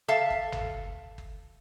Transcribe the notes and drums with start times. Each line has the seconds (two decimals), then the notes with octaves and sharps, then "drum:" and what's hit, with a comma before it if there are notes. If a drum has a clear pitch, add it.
0.08 A4 E5 F5 A5
0.30 drum: kick G1
0.52 drum: tom
1.18 drum: kick G1